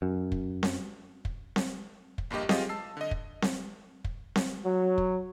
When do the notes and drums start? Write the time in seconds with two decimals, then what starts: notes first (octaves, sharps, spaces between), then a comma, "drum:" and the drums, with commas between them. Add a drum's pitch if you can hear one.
0.02 F#2
0.32 drum: kick
0.63 drum: snare C4
1.25 drum: kick
1.56 drum: snare C4
2.18 drum: kick
2.31 A#1 G2 A#3 G4 D#5
2.49 F4 G4 G#4 D#5 F5, drum: snare C4
2.69 A5 E6 C7
2.97 D3 D#5
3.11 drum: kick
3.42 drum: snare C4
4.04 drum: kick
4.36 drum: snare C4
4.63 F#3
4.98 drum: kick